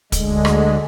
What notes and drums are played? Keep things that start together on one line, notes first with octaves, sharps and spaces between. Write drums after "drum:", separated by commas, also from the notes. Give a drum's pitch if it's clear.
D2 D3 G#3, drum: kick, hi-hat
drum: rim click